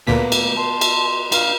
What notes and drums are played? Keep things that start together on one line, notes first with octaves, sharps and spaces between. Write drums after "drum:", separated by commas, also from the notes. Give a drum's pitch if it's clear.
D2 A#2 A3 B3 A#4 F5 B6
drum: cymbal
A5 C6
drum: cymbal
D4 F4 F5, drum: cymbal